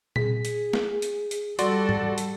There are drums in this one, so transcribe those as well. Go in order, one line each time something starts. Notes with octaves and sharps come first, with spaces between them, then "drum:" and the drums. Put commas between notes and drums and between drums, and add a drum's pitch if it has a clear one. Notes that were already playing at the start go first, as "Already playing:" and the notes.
G#4 B6, drum: tom A#2
drum: hi-hat
drum: snare
drum: hi-hat
drum: hi-hat
G3 F#4 A4 D5 C6, drum: hi-hat
drum: tom G#2
drum: hi-hat